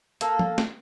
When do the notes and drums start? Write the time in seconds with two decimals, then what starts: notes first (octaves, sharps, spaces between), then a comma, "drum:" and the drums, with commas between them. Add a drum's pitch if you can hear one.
0.21 A#3 A4, drum: hi-hat
0.39 drum: tom F3
0.58 drum: snare